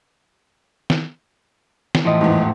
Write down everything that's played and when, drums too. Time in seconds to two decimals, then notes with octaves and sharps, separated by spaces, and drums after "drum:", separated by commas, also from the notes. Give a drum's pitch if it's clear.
0.90 drum: snare
1.95 drum: snare
2.05 A2 E3 F3 D#5
2.21 E2 G#2